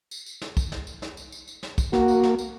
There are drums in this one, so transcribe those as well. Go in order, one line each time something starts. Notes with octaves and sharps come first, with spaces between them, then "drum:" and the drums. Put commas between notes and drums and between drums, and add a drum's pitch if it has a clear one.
drum: tambourine
drum: tambourine
drum: snare
drum: kick, tambourine
drum: snare
drum: tambourine
drum: snare
drum: tambourine
drum: tambourine
drum: tambourine
drum: snare
drum: kick, tambourine
A#3 F#4, drum: snare
drum: tambourine
drum: snare
drum: tambourine